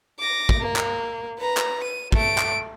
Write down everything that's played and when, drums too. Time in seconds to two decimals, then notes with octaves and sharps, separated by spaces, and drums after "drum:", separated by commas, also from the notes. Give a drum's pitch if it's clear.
0.20 D6 A#6
0.49 drum: kick
0.61 A#3
0.76 drum: clap
1.39 B4 A#5
1.57 drum: clap
1.84 D#7
2.12 A3 D7, drum: kick
2.38 drum: clap